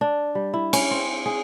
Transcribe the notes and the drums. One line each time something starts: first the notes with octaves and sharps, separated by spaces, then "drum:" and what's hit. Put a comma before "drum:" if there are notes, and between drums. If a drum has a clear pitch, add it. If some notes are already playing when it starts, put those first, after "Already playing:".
D4
G3
E4
C#4, drum: cymbal
C4
G#4